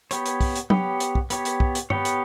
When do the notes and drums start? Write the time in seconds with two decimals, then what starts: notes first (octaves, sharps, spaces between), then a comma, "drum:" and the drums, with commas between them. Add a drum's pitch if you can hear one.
0.11 B3 G4 C#5, drum: hi-hat
0.26 drum: hi-hat
0.41 drum: kick, open hi-hat
0.56 drum: hi-hat
0.70 B3 G4 C#5, drum: tom F#3
1.00 drum: hi-hat
1.15 drum: kick
1.30 B3 G4 C#5, drum: hi-hat
1.45 drum: hi-hat
1.60 drum: kick
1.75 drum: hi-hat
1.90 B3 G4 C#5, drum: tom G2
2.05 drum: hi-hat